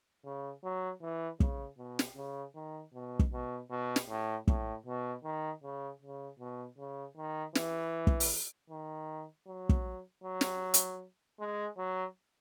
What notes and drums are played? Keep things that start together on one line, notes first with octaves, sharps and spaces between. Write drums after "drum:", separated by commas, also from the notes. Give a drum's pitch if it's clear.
C#3
F#3
E3
C#3, drum: kick
B2
drum: snare
C#3
D#3
B2
drum: kick
B2
B2
drum: snare
A2
A2, drum: kick
B2
D#3
C#3
C#3
B2
C#3
D#3
E3, drum: snare
drum: kick
drum: open hi-hat
D#3
F#3
drum: kick
F#3
drum: snare
drum: hi-hat
G#3
F#3